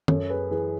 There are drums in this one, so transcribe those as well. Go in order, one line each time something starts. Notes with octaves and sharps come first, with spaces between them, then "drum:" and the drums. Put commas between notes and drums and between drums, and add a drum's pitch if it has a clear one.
F#2 A4 C#5, drum: tom
G#4 B4
E3 G#4 B4